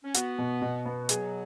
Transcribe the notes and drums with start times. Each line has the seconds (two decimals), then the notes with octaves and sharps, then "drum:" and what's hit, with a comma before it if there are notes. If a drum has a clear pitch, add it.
0.03 C#4
0.14 B3 F#4, drum: hi-hat
0.38 B2
0.62 B2
0.86 B3
1.09 F#3 G#4, drum: hi-hat